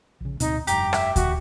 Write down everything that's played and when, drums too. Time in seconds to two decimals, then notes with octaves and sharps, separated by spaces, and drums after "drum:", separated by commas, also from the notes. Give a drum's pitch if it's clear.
0.20 A#1 C#3
0.40 D1 B2 C4 D#4, drum: hi-hat
0.67 F1 G2 G4 A#5, drum: hi-hat
0.93 E5, drum: rim click
1.16 F#4, drum: kick D2, hi-hat